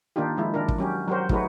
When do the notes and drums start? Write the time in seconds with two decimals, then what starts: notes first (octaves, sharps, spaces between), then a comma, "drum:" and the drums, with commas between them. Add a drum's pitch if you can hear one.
0.16 D#3 A#3 D4 D#4 F4 G4
0.37 F3 G#3 E4
0.54 D#3 D4 A#4
0.68 drum: kick
0.78 F#3 C#4 G4
1.08 F#3 F#4 G4 A#4 C5
1.29 F#3 A3 D#4 F#4 G#4 B4, drum: kick